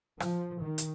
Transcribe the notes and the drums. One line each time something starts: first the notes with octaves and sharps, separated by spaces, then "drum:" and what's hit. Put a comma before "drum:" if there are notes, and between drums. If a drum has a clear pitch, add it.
F3, drum: rim click
D#3
drum: hi-hat